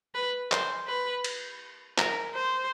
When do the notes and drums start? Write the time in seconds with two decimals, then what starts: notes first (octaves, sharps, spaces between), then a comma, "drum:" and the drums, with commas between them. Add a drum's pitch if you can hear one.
0.15 B4
0.52 C5, drum: clap
0.88 B4
1.24 drum: cymbal
1.98 A#4, drum: clap
2.35 C5